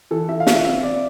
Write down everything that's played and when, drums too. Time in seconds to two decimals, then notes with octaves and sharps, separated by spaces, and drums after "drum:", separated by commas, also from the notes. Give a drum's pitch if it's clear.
0.11 E3 A4
0.28 E3 E5
0.40 F5
0.47 F4, drum: snare
0.53 E5
0.65 C4 E5
0.82 C4 D5